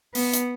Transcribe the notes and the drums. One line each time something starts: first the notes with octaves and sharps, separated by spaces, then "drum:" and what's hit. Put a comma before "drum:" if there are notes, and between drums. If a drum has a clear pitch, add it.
B3, drum: open hi-hat
drum: hi-hat